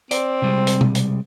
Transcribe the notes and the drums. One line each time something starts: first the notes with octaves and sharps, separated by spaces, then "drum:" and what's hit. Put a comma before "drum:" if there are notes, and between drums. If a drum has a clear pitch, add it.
C4 D5, drum: hi-hat
C3 G3 G#3
drum: hi-hat
drum: tom
drum: hi-hat